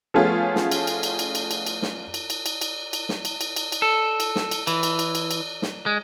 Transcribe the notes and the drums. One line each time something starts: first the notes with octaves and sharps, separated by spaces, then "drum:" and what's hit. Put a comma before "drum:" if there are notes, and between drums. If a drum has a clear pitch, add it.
F3 A3 B3 C#4 F4 G#4
drum: snare
drum: cymbal
drum: cymbal
drum: cymbal
drum: cymbal
drum: cymbal
drum: cymbal
drum: cymbal
drum: snare
drum: cymbal
drum: cymbal
drum: cymbal
drum: cymbal
drum: cymbal
drum: snare
drum: cymbal
drum: cymbal
drum: cymbal
drum: cymbal
A4
drum: cymbal
drum: snare
drum: cymbal
E3, drum: cymbal
drum: cymbal
drum: cymbal
drum: cymbal
drum: cymbal
drum: snare
G#3